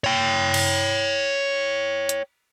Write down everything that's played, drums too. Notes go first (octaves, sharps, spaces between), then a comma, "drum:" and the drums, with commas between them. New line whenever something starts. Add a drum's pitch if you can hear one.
C#5 G5
drum: cymbal
drum: hi-hat